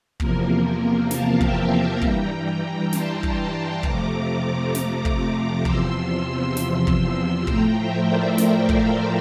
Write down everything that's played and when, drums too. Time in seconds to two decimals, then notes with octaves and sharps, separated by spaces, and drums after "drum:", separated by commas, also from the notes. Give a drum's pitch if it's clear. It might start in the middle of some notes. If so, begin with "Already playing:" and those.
0.20 E2 C3 F3 A#3 A#4, drum: kick
0.50 A#4
0.81 A#4
1.11 F5 A5, drum: snare
1.41 E5 G5, drum: kick
1.71 G5 A#5
2.01 G2 E3 G3, drum: kick
2.93 A5 C6, drum: snare
3.23 drum: kick
3.38 A5 C6
3.83 F2 C3 F3 A3 A#5 D6, drum: kick
4.75 drum: snare
5.05 drum: kick
5.65 E2 C3 F3 C6 E6, drum: kick
6.57 drum: snare
6.87 drum: kick
7.47 A2 F3 A3 G5 A#5, drum: kick
7.77 C5 E5
8.08 A#4 D5
8.38 C5 E5, drum: snare
8.69 D5 F5, drum: kick